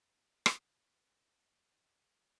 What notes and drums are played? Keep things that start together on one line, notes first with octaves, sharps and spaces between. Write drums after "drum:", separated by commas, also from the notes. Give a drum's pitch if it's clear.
D6 F6 F#6
drum: rim click
E4
A#3 C4 G4
A#3 C#4 G#4